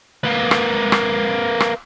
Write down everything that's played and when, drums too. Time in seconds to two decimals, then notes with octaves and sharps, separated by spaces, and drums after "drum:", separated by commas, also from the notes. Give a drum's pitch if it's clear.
0.24 A#3 B4
0.51 drum: rim click
0.92 drum: rim click
1.60 drum: rim click